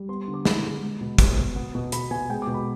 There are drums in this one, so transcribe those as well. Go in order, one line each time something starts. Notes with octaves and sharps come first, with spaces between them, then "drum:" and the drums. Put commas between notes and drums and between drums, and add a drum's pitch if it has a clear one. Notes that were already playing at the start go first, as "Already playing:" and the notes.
Already playing: G3
B3 C6
C6
D3
D6
D3 B5, drum: snare
G#3
G#3
B2
B3, drum: kick, hi-hat
B2
B3
B2
B2 B5, drum: hi-hat
B2 G#5
G#3 G5
D6
B2
B5